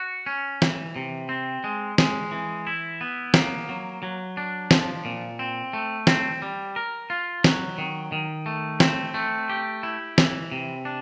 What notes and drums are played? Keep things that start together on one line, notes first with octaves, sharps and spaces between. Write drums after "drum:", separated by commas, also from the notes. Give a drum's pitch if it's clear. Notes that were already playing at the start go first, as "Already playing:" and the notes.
Already playing: F#4
C#4
E3, drum: snare
C3
C4
G#3
G#3, drum: snare
E3
E4
B3
A#3, drum: snare
F#3
F#3
D4
F3, drum: snare
A#2
C4
A3
C4, drum: snare
G3
A#4
F4
F#3, drum: snare
D#3
D#3
A3
C4, drum: snare
A3
G4
E4
E3, drum: snare
C3
D4